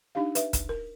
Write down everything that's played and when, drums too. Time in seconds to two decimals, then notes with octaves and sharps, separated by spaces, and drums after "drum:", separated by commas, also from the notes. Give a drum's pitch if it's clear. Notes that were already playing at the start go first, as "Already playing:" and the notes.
0.15 D4 D#4 G4 F5
0.35 B4 E5, drum: hi-hat
0.53 drum: kick, hi-hat
0.69 A#4